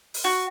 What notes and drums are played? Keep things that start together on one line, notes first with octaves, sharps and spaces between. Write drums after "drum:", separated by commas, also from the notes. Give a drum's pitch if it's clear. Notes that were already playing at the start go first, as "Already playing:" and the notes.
drum: open hi-hat
F#4